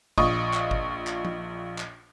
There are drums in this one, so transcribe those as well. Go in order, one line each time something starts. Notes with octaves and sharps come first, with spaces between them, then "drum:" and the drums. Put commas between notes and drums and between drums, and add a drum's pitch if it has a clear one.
A#1 F4 D#5 C#6 D#6, drum: kick G1
drum: clap
drum: kick G1
drum: clap
drum: tom
drum: clap